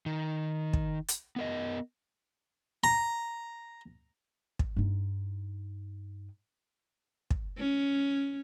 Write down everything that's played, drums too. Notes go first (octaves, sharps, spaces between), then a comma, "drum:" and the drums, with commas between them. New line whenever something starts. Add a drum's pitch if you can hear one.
D#3
drum: kick
drum: hi-hat
B3 A#4 D#5
A#5
drum: kick
G2 D#4
drum: kick
C#4